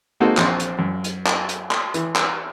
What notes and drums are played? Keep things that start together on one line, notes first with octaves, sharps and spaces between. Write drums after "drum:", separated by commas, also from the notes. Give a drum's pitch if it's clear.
G#3 A#3 C4 D#4 F#4 A4
A#1 C4 C5, drum: clap
drum: hi-hat
F#2
drum: hi-hat
drum: clap
drum: hi-hat
drum: clap
E3, drum: hi-hat
drum: clap